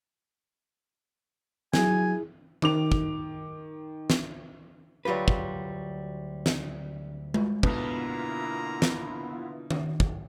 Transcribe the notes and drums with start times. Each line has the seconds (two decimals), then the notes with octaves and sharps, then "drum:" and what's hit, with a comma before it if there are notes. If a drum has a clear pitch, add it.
1.73 F#3 E4 G#4 G#5, drum: snare
2.62 D#3 D6 F7, drum: tom D#3
2.92 drum: kick
4.10 drum: snare
5.05 D2 F#3 G3 F4 B4
5.28 drum: kick
6.46 drum: snare
7.34 drum: tom G#3
7.63 B2 D3 A#3 B3 E4 F4 A#5, drum: kick
8.82 drum: snare
9.71 drum: tom D#3
10.00 drum: kick